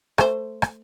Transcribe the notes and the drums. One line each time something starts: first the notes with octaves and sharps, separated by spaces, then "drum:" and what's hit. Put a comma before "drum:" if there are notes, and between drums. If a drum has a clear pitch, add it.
A3 C5, drum: rim click
drum: rim click